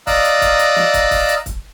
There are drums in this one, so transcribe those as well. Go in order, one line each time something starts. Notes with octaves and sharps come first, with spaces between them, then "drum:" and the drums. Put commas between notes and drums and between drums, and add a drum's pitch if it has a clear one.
D5 D#5 F5 A#5 E6 F#6, drum: kick, open hi-hat
drum: hi-hat
drum: kick, hi-hat
drum: hi-hat
drum: snare
drum: kick, hi-hat
drum: kick, open hi-hat
drum: hi-hat
drum: kick, hi-hat